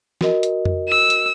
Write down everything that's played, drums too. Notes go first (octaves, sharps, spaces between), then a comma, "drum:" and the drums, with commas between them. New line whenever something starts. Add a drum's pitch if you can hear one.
F#4 A#4 D#5, drum: snare
drum: hi-hat
drum: tom F2
E6
drum: hi-hat